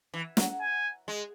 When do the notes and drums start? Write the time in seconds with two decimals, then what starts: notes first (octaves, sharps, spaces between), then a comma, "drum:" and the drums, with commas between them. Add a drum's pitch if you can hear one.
0.14 E3
0.37 F#3, drum: snare
0.61 G#5
1.08 G#3